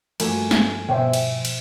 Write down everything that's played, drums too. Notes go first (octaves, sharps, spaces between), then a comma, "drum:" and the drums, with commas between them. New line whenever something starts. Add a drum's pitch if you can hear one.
G2 F3 A3 A#3 F#4 G#5, drum: cymbal
drum: snare
B2 C5 E5 G5
drum: cymbal
drum: cymbal